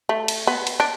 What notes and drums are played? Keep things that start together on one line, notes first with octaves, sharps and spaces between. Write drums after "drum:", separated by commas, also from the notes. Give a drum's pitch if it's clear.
A3
drum: cymbal
B3
drum: cymbal
D4